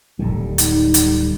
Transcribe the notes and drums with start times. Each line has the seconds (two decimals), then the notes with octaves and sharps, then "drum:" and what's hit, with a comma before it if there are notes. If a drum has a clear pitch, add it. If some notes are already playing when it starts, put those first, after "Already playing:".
0.19 D1 A2 D#3 G3
0.58 D#4, drum: hi-hat
0.94 drum: hi-hat